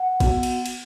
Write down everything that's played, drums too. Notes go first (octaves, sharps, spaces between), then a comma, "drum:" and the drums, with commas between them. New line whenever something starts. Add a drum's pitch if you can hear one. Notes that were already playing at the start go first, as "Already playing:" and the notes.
Already playing: F#5
B3 F#4, drum: kick, cymbal
drum: cymbal
drum: cymbal